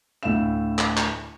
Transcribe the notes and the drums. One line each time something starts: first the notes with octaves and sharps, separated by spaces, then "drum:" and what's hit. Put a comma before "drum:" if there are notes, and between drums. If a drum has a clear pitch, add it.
D2 A2 D4 E4 F5 E7
drum: clap
drum: clap